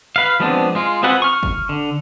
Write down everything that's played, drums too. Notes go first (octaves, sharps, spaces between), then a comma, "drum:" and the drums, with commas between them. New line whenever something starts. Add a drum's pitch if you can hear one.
B4 F5
F3 G#3 B3 C4 D4
G#3 F4
C4 F4 G#4 B4 F#5
C#6 F6
drum: kick
D3